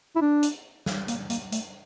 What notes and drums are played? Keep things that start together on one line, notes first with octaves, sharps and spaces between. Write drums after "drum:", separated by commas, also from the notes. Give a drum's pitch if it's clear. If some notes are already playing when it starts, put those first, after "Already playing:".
E4
D4
drum: hi-hat
drum: snare
A#3, drum: hi-hat
A#3, drum: hi-hat
A3, drum: hi-hat